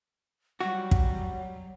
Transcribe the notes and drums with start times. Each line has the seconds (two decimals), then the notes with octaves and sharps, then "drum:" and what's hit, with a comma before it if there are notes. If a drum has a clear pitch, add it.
0.60 F#3 G3 F#4
0.91 drum: kick